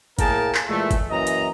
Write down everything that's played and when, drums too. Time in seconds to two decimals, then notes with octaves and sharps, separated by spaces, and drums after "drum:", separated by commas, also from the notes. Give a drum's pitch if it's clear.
0.19 A2 A#3 G#4 A#4 G5 A5, drum: kick G1, hi-hat
0.55 drum: clap
0.69 A#2 E3 G#3 A3
0.91 drum: kick G1, hi-hat
1.10 F#2 E3 A#3 D#5 A#5
1.27 drum: hi-hat